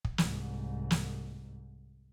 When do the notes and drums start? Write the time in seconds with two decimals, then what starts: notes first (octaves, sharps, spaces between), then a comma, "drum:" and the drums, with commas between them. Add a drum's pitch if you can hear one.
0.05 drum: kick
0.18 C2 G#2, drum: snare
0.91 drum: snare